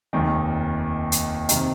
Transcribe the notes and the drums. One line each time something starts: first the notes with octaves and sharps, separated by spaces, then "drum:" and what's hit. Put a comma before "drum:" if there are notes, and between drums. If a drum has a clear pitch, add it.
F1 D#2 D#3
drum: hi-hat
C3 D#3, drum: hi-hat